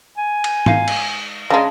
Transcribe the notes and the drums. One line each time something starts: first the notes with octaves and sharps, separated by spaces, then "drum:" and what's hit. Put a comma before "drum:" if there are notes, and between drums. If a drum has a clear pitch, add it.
G#5
drum: cymbal
G#3 D#4 F5, drum: tom
drum: cymbal
C#3 G#3 D4 A#5